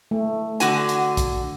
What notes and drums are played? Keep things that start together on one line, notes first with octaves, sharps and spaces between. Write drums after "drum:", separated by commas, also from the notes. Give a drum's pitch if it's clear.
A3
D3 F#4 G#5, drum: hi-hat
drum: hi-hat
drum: kick A#1, hi-hat